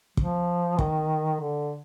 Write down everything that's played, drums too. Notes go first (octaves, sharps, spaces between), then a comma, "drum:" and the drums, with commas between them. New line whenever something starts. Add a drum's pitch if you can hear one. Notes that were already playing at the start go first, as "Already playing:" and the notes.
F3, drum: kick
D#3, drum: kick
D3